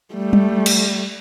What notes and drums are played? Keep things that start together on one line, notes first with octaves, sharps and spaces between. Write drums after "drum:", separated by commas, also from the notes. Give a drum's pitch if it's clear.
G3 A3
drum: tom G3
drum: cymbal